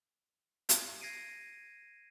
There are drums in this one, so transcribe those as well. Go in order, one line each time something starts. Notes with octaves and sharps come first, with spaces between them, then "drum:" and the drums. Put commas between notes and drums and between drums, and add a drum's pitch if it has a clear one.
drum: hi-hat
G#6 A#6 C7 D7 D#7